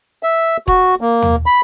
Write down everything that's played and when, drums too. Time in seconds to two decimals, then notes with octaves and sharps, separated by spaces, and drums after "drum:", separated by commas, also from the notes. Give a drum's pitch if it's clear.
0.23 E5
0.68 F#4, drum: kick E1
1.01 A#3
1.22 drum: tom
1.46 B5